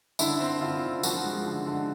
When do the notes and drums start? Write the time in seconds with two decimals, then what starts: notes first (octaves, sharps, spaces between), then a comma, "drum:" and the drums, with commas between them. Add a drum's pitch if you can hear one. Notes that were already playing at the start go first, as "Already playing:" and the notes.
0.19 D3 E4, drum: tambourine
0.40 C4
0.61 D3 F4
0.83 D3
1.03 F3 F#4, drum: tambourine
1.25 G#3
1.45 D3
1.66 D3